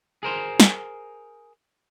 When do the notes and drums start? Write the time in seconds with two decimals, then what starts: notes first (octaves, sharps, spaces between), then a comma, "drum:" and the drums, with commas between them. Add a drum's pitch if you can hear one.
0.23 G#4 A#4 C5
0.60 drum: snare